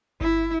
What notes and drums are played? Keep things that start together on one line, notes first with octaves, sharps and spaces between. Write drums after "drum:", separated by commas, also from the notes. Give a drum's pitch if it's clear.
E4, drum: kick G1